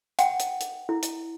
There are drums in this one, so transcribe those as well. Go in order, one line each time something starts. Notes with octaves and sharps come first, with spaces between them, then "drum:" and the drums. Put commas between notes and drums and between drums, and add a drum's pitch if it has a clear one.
F#5 G5, drum: hi-hat
drum: hi-hat
drum: hi-hat
E4
drum: hi-hat